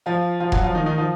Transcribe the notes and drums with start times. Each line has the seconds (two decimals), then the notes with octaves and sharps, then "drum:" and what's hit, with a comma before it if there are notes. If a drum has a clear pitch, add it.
0.06 F3 F4
0.40 F3 F4
0.52 F#3 F#4, drum: kick F1
0.63 F3 F4
0.75 D#3 D#4
0.86 D#3 D#4
0.98 F3 F4